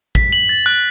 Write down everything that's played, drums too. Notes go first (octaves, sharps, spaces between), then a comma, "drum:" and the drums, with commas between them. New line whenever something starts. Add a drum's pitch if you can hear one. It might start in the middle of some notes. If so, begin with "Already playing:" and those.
B6, drum: kick
F#7
A6
F#6